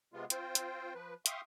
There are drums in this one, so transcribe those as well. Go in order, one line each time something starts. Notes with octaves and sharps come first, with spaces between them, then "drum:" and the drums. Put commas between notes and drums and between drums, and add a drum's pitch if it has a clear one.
C3 G#3 B3 F4
C4 F4 C5 G5, drum: hi-hat
drum: hi-hat
F3 B4
E5 F5 G5 C6 C#6 D#6, drum: hi-hat